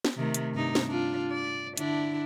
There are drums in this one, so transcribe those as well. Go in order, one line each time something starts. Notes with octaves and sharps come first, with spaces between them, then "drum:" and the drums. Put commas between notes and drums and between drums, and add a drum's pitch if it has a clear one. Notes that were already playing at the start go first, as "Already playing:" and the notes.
drum: snare
C3 D#3 A3
drum: hi-hat
G2 C3 D#4
drum: snare
D4 F4
D5
D3 D4 E4, drum: hi-hat